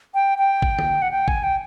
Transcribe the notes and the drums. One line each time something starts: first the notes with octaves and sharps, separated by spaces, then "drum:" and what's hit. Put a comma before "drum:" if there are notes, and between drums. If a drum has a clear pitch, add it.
G5
G5
drum: kick G#1
drum: tom D3
F#5
G5
G#5, drum: kick G#1
G5